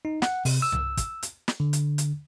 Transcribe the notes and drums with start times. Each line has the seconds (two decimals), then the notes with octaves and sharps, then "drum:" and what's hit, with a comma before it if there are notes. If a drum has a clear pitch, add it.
0.05 D#4
0.22 F#5, drum: snare
0.45 C3, drum: open hi-hat
0.62 E6
0.72 drum: tom C2
0.97 drum: kick, hi-hat
1.23 drum: hi-hat
1.48 drum: snare
1.60 D3
1.73 drum: hi-hat
1.98 drum: hi-hat